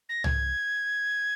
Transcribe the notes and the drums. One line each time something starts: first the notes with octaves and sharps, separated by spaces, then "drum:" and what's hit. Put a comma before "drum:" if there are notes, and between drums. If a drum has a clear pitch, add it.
A#6
G#6, drum: tom C2